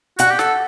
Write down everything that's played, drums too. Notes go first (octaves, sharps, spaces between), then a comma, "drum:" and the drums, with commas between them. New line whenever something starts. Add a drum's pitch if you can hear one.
F#4 F#5, drum: hi-hat
G4
A4, drum: snare